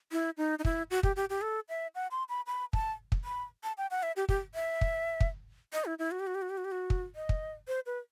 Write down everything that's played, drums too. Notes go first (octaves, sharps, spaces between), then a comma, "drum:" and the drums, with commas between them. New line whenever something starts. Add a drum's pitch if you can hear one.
E4
D#4
D#4
E4, drum: kick
F#4
G4, drum: kick
G4
G4
A4
E5
F#5
C6
B5
B5
A5, drum: kick
drum: kick
B5
A5
G5
F#5
E5
G4
G4, drum: kick
E5
drum: kick
drum: kick
D#5
E4
E4
F#4
G4
F#4
G4
F#4
G4
F#4
G4
F#4
drum: kick
D#5
drum: kick
C5
B4